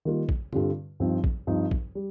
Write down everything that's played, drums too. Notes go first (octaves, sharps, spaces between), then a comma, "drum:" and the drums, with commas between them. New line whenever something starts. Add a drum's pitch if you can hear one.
D#3 G3 A#3 F4
drum: kick
G2 D3 G3 C4 F4, drum: tom
G2 F3 C4 D#4
drum: kick
G2 F3 C4 D#4
drum: kick
G3